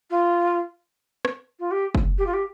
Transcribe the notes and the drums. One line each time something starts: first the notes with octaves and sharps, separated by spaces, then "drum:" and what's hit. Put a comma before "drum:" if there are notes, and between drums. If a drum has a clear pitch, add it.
F4
drum: rim click
F4
G4
drum: kick F#1
G4
F4
G4